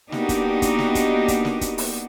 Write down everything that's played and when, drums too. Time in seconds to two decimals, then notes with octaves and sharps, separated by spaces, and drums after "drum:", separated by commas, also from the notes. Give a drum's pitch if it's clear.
0.12 A#3 B3 D4 D#4 F#4 G4, drum: snare
0.29 drum: kick, hi-hat
0.62 drum: kick, hi-hat
0.79 drum: snare
0.95 drum: kick, hi-hat
1.28 drum: kick, hi-hat
1.45 drum: snare
1.61 drum: kick, hi-hat
1.78 drum: open hi-hat